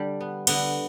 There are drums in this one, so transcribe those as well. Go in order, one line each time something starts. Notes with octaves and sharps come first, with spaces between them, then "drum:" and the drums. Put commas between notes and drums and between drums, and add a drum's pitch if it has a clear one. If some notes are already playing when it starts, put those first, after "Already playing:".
Already playing: D3 G3 D4
B3
D3 B3, drum: cymbal